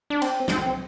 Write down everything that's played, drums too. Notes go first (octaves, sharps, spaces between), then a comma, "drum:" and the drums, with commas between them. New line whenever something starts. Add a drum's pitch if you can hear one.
D4
C4, drum: cymbal
C4, drum: snare